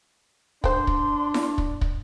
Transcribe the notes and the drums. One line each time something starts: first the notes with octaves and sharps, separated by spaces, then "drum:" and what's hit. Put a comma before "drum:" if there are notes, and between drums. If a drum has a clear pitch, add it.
D4 C5 G5 C6, drum: kick
drum: kick
drum: snare E4
drum: kick
drum: kick